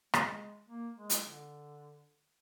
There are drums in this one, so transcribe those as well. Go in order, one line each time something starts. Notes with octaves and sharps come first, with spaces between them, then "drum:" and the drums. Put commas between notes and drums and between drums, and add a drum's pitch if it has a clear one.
G#3, drum: rim click
A#3
G#3
drum: hi-hat
D3